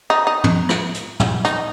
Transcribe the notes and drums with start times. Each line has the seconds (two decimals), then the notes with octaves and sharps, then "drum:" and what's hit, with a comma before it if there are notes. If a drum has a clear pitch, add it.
0.10 D#4
0.27 D#4
0.44 drum: tom
0.69 drum: rim click
0.94 drum: hi-hat
1.20 drum: tom
1.45 D#4, drum: hi-hat